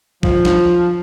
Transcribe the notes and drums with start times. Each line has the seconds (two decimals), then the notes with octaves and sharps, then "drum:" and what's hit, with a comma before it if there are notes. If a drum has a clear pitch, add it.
0.23 F3, drum: kick
0.45 drum: snare